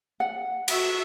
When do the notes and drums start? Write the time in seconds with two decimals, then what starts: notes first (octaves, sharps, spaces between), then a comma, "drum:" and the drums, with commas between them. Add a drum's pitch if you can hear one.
0.20 F#5
0.68 F#4 E5, drum: cymbal